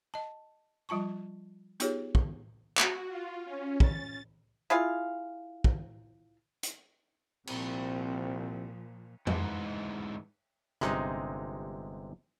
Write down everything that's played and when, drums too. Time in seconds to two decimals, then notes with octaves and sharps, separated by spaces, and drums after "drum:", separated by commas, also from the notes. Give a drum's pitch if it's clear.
0.14 D#5 A5
0.89 F3 G3 F4 A5 C#6
1.80 B3 D#4 F4 G4 G#4 C#5, drum: hi-hat
2.15 drum: kick
2.77 F#4, drum: clap
3.09 F4
3.45 C#4
3.80 A6, drum: kick
4.70 E4 F4 G#4 F5
5.64 drum: kick
6.63 drum: hi-hat
7.47 C2 A#2 F3 C4, drum: cymbal
9.27 G#2 E3, drum: tom F2
10.81 G1 C3 G#3 D#4, drum: rim click